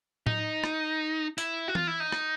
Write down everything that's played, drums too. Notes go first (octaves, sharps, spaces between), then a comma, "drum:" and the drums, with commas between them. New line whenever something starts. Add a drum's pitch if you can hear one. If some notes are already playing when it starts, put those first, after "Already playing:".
D#4, drum: tom A2
drum: rim click
E4, drum: hi-hat
F#4
F4, drum: tom E3
E4
D#4
drum: rim click